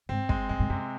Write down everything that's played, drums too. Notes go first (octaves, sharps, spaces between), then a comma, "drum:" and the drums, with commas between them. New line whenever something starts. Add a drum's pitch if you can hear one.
G#2 C4
G2 G#3, drum: kick
G#2 G#3
G#2
F#2 C3